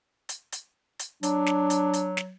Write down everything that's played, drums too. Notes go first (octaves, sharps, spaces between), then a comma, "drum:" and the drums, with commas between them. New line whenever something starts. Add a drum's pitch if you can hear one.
drum: hi-hat
drum: hi-hat
drum: hi-hat
F#3 D4, drum: hi-hat
drum: snare
drum: hi-hat
drum: hi-hat
drum: snare